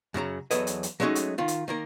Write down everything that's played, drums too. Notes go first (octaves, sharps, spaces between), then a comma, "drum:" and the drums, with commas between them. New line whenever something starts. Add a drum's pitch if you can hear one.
F#2 C#3 F#3 A#5
E2 F#3 A4 B4 C#5 D#5, drum: hi-hat
drum: hi-hat
drum: hi-hat
F#3 G#3 A3 C#4 D#4 F#4
drum: hi-hat
D#3 F4
drum: hi-hat
D#3 A#3 A#4